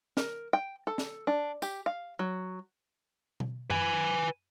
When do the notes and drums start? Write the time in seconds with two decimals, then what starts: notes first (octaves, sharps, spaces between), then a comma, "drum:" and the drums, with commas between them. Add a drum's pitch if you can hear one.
0.17 A#4, drum: snare
0.53 G5
0.87 A4
0.98 drum: snare
1.27 D4
1.62 G4, drum: tambourine
1.86 F5
2.19 F#3
3.40 drum: tom B2
3.70 B4 G#5, drum: tom F#2